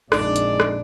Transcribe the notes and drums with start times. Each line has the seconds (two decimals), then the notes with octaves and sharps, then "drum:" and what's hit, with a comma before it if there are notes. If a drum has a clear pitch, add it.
0.12 A#1 F2 G#3 D4 D#4 D5, drum: rim click
0.36 drum: hi-hat
0.60 drum: rim click